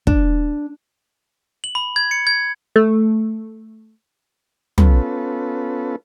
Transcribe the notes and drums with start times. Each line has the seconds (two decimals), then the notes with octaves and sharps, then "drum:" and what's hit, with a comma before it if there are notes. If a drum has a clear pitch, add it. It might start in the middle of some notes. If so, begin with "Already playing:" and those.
0.07 D4, drum: kick
1.64 F#7
1.75 B5
1.96 G#6
2.11 C#7
2.27 G#6
2.76 A3
4.78 B3 C#4 F4 A4 B4, drum: tom